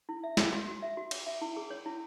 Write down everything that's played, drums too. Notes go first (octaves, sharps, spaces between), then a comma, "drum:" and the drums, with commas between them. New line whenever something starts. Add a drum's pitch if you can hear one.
E4
E5
C#5, drum: snare
F#4
F#4
E5
F#4
C#5, drum: cymbal
E5
E4
G#4
C#5
E4